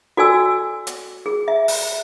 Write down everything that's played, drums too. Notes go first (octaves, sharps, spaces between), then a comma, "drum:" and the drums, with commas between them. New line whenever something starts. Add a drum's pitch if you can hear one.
F#4 A4 D5 G#5 E6
drum: hi-hat
G#4
E5
drum: open hi-hat